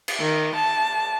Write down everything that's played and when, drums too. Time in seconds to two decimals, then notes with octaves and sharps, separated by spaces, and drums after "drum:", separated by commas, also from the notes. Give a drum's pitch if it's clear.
0.08 drum: cymbal
0.20 D#3
0.55 A5